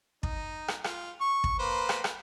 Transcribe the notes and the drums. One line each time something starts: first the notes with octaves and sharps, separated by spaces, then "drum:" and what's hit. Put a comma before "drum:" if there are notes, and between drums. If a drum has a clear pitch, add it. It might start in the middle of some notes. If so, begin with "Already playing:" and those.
D#4, drum: kick
drum: rim click
F4, drum: rim click
C#6
drum: kick
A#3 B4 C5
drum: rim click
drum: rim click